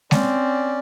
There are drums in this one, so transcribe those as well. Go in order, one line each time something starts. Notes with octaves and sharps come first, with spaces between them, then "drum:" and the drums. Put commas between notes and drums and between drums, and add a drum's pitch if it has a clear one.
C4 C#4 D5, drum: snare G#3